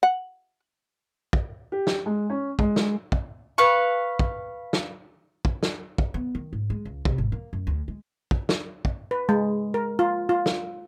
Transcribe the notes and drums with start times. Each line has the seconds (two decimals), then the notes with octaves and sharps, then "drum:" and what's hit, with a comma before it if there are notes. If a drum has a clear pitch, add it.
0.03 F#5
1.33 drum: kick
1.72 G4
1.87 drum: snare
2.06 G#3
2.30 C#4
2.59 G#3, drum: kick
2.76 drum: snare
3.12 drum: kick
3.58 B4 F5 C#6
4.19 drum: kick
4.73 drum: snare
5.45 drum: kick
5.63 drum: snare
5.98 drum: kick
6.14 B3
6.35 D#3
6.53 G#2
6.70 G#3
6.85 C#2
7.05 C3, drum: kick
7.18 G#1
7.32 A#3
7.53 F#2
7.67 D2
7.88 G#3
8.31 drum: kick
8.49 drum: snare
8.85 drum: kick
9.11 B4
9.29 G#3
9.74 A#4
9.99 F4
10.29 F4
10.46 drum: snare